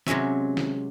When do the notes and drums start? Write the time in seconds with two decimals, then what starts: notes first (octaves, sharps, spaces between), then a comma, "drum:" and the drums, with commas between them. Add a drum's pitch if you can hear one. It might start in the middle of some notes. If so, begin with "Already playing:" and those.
0.07 C3 F#3 G#3 C#4 E5, drum: snare
0.57 drum: snare